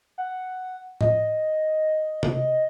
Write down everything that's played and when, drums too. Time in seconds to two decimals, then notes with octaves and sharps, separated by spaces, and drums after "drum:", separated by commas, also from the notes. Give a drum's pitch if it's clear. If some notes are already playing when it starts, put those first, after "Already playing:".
0.18 F#5
1.01 D#5, drum: tom A2
2.23 drum: tom C3